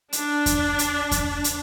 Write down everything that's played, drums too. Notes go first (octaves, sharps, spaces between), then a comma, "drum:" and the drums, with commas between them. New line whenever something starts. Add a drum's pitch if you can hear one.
D4, drum: hi-hat
drum: kick E2, hi-hat
drum: hi-hat
drum: kick E2, hi-hat
drum: hi-hat